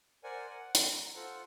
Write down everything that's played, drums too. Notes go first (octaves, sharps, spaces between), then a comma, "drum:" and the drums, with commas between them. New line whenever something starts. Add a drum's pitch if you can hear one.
A#4 C5 D5 F#5 G#5
F#5
drum: hi-hat
A#5
F4 A4 C5 F#5